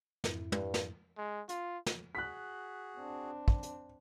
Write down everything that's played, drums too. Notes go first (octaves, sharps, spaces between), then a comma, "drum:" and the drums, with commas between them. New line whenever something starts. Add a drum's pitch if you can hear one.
F2 G#2 E4, drum: snare
G2, drum: tom
drum: snare
G#3
F4, drum: hi-hat
drum: snare
F#4 G#4 F#6 B6
C4 D4
drum: kick
drum: hi-hat